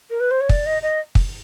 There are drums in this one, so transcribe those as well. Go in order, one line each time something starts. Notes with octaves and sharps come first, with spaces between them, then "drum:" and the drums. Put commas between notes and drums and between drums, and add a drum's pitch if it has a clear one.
A#4
B4
C5
C#5
D5, drum: kick
D#5
D#5
drum: kick